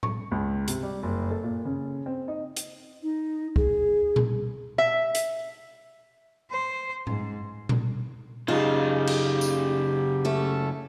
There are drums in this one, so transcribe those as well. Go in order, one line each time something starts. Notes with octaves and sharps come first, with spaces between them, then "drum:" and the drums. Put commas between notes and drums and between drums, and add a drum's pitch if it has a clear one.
C#6, drum: tom A2
C#2
C3, drum: hi-hat
G3
F#1
A4
A#2
C#3
C4
D#4
drum: hi-hat
D#4
G#4, drum: kick
drum: tom A#2
E5
drum: hi-hat
C5
G#2, drum: tom A2
drum: tom A#2
F#2 C#3 D#4 F4 G4 G#4
drum: cymbal
drum: tambourine
A3 C#4 A4